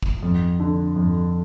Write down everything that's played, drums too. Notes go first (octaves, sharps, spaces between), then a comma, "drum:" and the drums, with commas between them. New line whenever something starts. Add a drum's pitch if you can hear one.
drum: kick
F2
D3
F2